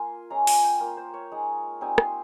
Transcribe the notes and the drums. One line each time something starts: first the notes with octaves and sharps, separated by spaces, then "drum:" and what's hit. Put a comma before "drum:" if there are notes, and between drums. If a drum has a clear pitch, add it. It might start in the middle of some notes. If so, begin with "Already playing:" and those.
Already playing: A#3 F4 G#5 C6
G#3 C#4 F4 A#5
G#5, drum: open hi-hat
G5
A#3 F4 A#4
C5
C#5
G#3 D#4
G3 C4 D#4 G#5
C6, drum: rim click